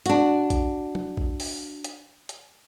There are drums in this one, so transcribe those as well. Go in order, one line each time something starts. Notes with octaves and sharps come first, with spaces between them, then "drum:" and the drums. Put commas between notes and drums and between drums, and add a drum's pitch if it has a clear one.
D4 F#4, drum: hi-hat
drum: kick A#1, hi-hat
drum: tom
drum: kick A#1
drum: open hi-hat
drum: hi-hat
drum: hi-hat